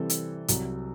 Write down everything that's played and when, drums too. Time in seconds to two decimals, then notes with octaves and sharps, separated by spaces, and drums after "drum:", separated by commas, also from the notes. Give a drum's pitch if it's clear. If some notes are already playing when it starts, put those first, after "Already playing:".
Already playing: C3 E3 G3 C4 A4
0.10 drum: hi-hat
0.48 C2 C3 F#3, drum: hi-hat